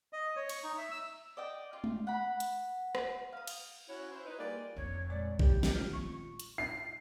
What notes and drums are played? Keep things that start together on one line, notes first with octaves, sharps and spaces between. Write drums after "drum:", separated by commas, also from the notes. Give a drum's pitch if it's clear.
D#5
C#5
C#6, drum: cymbal
D#4
E5
E6
D5 D#5 G5
F4
drum: tom G#3
F#5 B5
drum: hi-hat
drum: rim click
F5 D#6
drum: cymbal
C#4 E4 F#4 C#5 F#5
E4 C5
D#4 B4
G3 A#3 F4 G#4 B4 D5
F1 F2 C#5
A#2 G#3 C#5 D5
D#3 G3 G4, drum: kick
drum: snare
A3 F4
C4 C#6
drum: hi-hat
C7